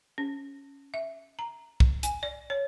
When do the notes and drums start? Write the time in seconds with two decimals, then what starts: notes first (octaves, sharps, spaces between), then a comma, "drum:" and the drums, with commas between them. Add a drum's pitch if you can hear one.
0.18 C#4
0.94 E5
1.39 A#5
1.80 drum: kick
2.03 G#5, drum: hi-hat
2.23 D5
2.50 C#5